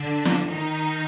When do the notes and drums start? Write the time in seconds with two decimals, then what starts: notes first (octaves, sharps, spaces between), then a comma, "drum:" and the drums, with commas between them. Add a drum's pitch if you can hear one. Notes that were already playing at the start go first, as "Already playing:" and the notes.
Already playing: D3 D4
0.25 drum: snare
0.48 D#3 D#4